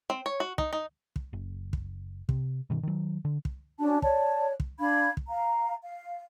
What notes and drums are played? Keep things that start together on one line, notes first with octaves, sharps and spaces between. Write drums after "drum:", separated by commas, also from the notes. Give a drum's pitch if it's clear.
C4
C#5
F#4
D#4, drum: kick
D#4
drum: kick
F#1
drum: kick
C3, drum: kick
G2 B2 D#3
D#3 F#3
D3
drum: kick
C#4 D4 F#4 A5
C#5 D5 A5, drum: kick
drum: kick
D4 F5 B5 G#6
drum: kick
F5 A#5
F5